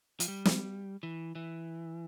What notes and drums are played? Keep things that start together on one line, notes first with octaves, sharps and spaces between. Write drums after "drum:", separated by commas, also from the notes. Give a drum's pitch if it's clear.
F3, drum: hi-hat
G3
drum: snare
E3
E3